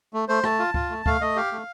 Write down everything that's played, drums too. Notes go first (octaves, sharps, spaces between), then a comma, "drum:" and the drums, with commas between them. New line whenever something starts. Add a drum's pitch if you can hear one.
A3
A3 C5
A3 A5, drum: rim click
F4
F4, drum: kick D2
A3
A3 F5, drum: kick D2
A3 D#5
G4 F5
A3